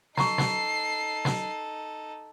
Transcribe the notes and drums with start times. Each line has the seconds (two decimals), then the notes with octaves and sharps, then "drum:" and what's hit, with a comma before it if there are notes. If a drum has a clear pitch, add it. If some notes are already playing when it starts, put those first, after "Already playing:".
0.17 D#4 A4 A#5 C#6 C7, drum: snare
0.38 drum: snare
1.25 drum: snare